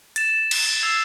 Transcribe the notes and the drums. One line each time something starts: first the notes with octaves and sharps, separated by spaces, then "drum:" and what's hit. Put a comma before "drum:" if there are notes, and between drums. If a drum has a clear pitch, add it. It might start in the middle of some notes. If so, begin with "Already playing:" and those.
A6 E7, drum: hi-hat
drum: cymbal
E6 G#6 C7 F7